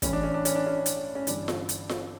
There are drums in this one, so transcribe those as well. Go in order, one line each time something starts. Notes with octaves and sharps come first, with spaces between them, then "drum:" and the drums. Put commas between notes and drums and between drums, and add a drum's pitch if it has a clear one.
A1 A2 E3 C#4, drum: kick, hi-hat
D4
C#4
D4
C#4, drum: hi-hat
D4
C#4
drum: hi-hat
C#4
G1 G2 E3 D4, drum: hi-hat
drum: snare F4
drum: hi-hat
drum: snare F4